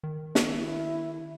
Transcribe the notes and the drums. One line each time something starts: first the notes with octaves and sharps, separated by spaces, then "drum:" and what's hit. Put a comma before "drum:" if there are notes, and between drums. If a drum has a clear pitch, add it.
D#3
drum: snare
E4